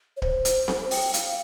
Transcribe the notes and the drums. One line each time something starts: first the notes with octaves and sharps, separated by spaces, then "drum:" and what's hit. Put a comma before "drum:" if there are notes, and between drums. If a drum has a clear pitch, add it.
C#5
C5, drum: kick D1
drum: hi-hat
drum: snare C4
G5, drum: open hi-hat
F5, drum: hi-hat